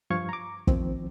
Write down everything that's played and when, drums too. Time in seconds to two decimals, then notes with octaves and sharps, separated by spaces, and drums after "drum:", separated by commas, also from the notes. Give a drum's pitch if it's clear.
0.10 G2 F3 F5 C#6 G#6
0.29 A#5 D6
0.67 D#3 F3 C4, drum: kick